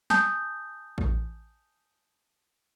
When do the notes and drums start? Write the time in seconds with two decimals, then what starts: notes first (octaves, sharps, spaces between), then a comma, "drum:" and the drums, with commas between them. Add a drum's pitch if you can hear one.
0.10 G#5 A5 D#6 G6, drum: snare
0.98 drum: kick A1